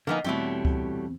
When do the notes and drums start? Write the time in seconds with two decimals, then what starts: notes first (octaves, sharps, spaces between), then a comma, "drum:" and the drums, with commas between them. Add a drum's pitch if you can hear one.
0.07 D3 F3 A#3 B3 D#4 G#5
0.24 E2 B2 G3 A3 C4 E4 G4 C#5
0.65 drum: kick C#2